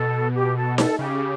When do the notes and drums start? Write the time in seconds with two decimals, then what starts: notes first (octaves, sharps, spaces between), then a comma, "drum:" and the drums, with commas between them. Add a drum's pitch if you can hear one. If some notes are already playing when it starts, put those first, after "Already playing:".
Already playing: B2 A4
0.34 G4
0.56 A4
0.78 A4, drum: snare D#4
0.99 C#3 G4